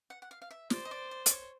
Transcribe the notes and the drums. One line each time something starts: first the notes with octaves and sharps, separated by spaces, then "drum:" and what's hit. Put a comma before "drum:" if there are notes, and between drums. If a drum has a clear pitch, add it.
F#5
F#5
F5
F5
E5
C5 D5, drum: snare
D#5
D5
D5
D5, drum: hi-hat
C#5